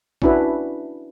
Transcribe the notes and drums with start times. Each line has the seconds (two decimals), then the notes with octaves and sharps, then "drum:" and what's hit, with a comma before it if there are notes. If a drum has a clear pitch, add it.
0.22 C#4 D4 E4 F#4 B4, drum: kick A1